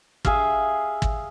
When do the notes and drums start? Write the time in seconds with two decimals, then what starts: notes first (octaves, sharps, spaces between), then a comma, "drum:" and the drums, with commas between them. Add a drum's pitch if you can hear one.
0.25 G#4 E5 F5, drum: kick
1.02 drum: kick